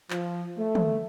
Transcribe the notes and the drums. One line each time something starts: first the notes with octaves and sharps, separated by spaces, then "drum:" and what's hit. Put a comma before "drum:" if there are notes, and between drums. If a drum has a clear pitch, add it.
F3, drum: clap
A3
drum: tom